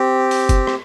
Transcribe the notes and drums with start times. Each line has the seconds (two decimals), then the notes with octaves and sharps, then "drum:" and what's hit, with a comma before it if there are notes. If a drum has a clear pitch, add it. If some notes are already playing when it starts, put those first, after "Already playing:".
Already playing: C4 G4
0.31 drum: open hi-hat
0.49 drum: kick F#1, hi-hat
0.67 drum: rim click